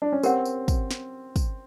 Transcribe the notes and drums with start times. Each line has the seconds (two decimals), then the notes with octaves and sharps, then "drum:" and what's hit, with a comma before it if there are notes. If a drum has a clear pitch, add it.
0.02 D4
0.12 C#4
0.23 C4 G4 A#4 C#5 F#5, drum: tambourine
0.45 drum: tambourine
0.68 drum: kick, tambourine
0.91 drum: snare
1.36 drum: kick, tambourine